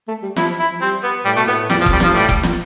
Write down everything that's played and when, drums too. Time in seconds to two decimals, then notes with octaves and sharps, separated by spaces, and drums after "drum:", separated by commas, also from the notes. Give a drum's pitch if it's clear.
0.08 A3
0.23 G3
0.36 F3 E4, drum: snare
0.59 E4
0.70 F3
0.81 G3 C4
1.03 B3
1.25 A2 G3
1.36 B2 A3
1.47 A2 B3
1.70 G3, drum: snare
1.73 E2
1.81 F3
1.86 F2, drum: kick F#1
1.92 G3
2.00 G2 F3, drum: snare
2.14 A2 G3
2.29 drum: kick F#1
2.43 drum: snare